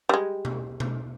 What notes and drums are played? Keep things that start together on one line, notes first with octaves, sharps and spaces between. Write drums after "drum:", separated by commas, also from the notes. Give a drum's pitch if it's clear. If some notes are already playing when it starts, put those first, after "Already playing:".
G3 G#3
drum: tom B2
drum: tom B2